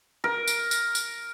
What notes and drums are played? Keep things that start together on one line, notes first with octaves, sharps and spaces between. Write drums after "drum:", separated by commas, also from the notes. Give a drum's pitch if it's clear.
A#4
drum: tambourine
drum: tambourine
drum: tambourine